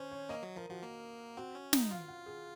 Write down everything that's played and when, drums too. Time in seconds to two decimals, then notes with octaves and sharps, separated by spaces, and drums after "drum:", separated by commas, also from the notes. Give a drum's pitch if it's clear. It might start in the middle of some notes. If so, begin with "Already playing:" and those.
Already playing: C#4 C5 C#5
0.12 C#5
0.29 A#3 D#5
0.43 F#3
0.56 F3 A#4
0.70 F3 F#4
0.83 A#3
1.37 C4 F#4
1.55 C#4
1.73 D#4, drum: snare
1.91 F4 F5
2.08 F#5
2.26 G#4